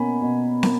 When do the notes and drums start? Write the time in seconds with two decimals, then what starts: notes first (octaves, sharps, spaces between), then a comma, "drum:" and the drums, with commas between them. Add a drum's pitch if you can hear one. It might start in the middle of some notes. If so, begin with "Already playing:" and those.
Already playing: B2 A#3 C#4 G#5 B5
0.22 B2
0.63 A#3, drum: snare